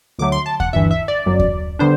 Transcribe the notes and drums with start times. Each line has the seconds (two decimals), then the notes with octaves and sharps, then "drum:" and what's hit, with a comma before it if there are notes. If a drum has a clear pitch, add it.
0.19 D2 D3 F#3 A3 D6
0.32 C6
0.46 A5
0.60 F#5, drum: kick D#2
0.73 G1 G2 E3 E5
0.91 E5
1.08 D5
1.26 G1 F#2 F#3
1.39 drum: kick D#2
1.79 D3 G3 B3 D4 C5